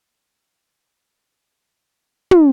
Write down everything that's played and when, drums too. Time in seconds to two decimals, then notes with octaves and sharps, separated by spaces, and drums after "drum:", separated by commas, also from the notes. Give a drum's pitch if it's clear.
0.15 F#1 C#3 G#3 B4 D#6 C#7
2.31 drum: tom